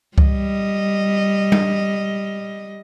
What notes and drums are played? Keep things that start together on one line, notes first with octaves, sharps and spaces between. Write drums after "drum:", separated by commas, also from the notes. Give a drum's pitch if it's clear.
G3 D#5, drum: kick C#2
drum: tom G3